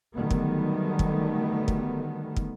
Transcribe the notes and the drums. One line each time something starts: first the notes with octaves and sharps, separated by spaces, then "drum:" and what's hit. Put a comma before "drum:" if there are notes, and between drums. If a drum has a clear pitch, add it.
D3 D#3 F#3 G3 A3 B3
drum: kick
drum: kick
drum: kick
drum: kick